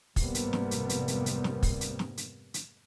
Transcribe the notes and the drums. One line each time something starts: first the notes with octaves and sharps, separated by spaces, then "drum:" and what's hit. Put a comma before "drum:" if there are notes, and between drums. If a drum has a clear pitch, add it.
F1 G#2 C3 G3 A#3 B3, drum: kick, open hi-hat
drum: hi-hat
drum: snare
drum: hi-hat
drum: hi-hat
drum: hi-hat
drum: hi-hat
drum: snare
drum: kick, open hi-hat
drum: hi-hat
drum: snare
drum: hi-hat
drum: hi-hat